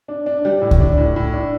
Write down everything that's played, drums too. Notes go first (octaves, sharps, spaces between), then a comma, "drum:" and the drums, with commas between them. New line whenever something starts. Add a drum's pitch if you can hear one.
D4
D4
G3
A2
drum: kick C#2
D4
A2
A2
D4